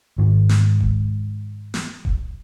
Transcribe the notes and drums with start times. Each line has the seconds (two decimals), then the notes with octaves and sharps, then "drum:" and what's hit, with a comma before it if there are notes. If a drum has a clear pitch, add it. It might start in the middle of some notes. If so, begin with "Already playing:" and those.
0.18 G#2 D#3 G#3
0.49 drum: snare
0.80 drum: kick D#1
1.74 drum: snare
2.05 drum: kick D#1